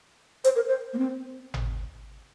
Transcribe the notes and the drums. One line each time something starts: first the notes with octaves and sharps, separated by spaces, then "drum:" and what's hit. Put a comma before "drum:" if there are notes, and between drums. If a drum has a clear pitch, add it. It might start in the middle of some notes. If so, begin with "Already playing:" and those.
C5, drum: hi-hat
A#4
C5
A#3
C4
drum: tom G#1